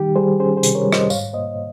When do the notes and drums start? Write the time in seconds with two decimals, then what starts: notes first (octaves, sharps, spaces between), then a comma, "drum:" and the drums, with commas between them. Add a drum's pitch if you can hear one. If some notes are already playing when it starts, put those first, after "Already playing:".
Already playing: D#3 G3 G4
0.16 G3 G#4 C5
0.40 C#4 G#4 C5
0.57 G#4 C5
0.63 C3, drum: hi-hat
0.75 A#4 C#5
0.87 G3
0.93 C5 D#5, drum: rim click
1.10 G#2 C#5 F5, drum: tambourine
1.33 A#3 C5 D#5